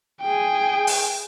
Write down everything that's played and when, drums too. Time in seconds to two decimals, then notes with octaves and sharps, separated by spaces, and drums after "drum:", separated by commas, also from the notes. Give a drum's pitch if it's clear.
0.21 G#4 G5
0.87 drum: open hi-hat